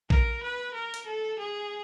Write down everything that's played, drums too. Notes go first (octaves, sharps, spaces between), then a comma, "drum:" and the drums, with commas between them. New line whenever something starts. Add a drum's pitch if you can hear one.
A#4, drum: kick
B4
A#4
drum: hi-hat
A4
G#4